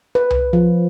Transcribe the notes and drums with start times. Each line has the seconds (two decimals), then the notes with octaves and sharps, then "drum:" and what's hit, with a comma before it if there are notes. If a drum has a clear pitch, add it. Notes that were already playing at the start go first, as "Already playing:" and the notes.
0.15 B4
0.30 drum: tom C2
0.53 F3